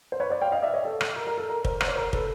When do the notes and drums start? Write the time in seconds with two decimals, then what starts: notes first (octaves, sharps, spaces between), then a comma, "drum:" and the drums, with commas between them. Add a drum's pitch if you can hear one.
0.12 C5
0.20 B4 C#5
0.30 C5 D5
0.41 F5 G5
0.52 D#5 F5
0.62 D5 E5
0.74 C#5 D#5
0.85 A4
1.01 drum: rim click
1.16 A#4
1.27 A#4
1.38 A4
1.49 A#4
1.65 A#4 C5, drum: kick
1.81 C5, drum: rim click
1.88 C#5
1.96 A#4 C5
2.13 A4 B4, drum: kick